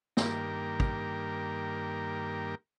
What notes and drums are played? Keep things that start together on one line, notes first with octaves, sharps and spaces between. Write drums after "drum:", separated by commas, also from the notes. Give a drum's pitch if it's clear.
G2 D#3 A#3 G4 A#4, drum: snare
drum: kick